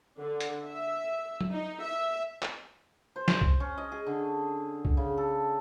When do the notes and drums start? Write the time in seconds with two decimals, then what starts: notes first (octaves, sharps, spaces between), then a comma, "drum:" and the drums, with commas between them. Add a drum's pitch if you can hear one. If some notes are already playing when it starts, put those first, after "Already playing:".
0.19 D3
0.40 drum: hi-hat
0.64 E5
1.41 drum: tom F#3
1.51 D#4
1.83 E5
2.42 drum: clap
3.16 C5
3.28 drum: snare
3.41 drum: kick C2
3.60 C#4
3.78 D#5
3.92 G#4
4.07 D3
4.85 drum: kick C2
4.97 C#3
5.17 A4